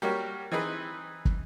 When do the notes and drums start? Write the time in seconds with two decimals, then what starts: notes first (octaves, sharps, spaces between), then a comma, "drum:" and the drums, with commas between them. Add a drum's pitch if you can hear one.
0.02 G3 A#3 F#4 G4 A#4 C#5
0.51 E3 C4 D#4 G#4 B4
1.25 drum: kick